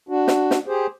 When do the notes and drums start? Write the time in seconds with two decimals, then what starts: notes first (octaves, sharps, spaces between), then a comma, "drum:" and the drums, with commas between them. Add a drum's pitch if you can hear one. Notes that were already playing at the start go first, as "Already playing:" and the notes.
0.09 D4 F#4
0.28 drum: snare
0.51 drum: snare
0.67 G4 G#4 C5